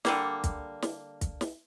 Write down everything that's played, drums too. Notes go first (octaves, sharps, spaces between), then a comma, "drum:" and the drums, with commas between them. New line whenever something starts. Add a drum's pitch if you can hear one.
D3 G3 A#3, drum: snare
drum: kick, hi-hat
drum: snare
drum: kick, hi-hat
drum: snare